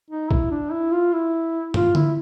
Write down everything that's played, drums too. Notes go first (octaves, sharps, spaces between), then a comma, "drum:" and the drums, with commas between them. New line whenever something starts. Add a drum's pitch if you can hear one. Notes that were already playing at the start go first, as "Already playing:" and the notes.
D#4
E4, drum: kick
D4
E4
F4
E4
F4, drum: tom
E4, drum: tom D3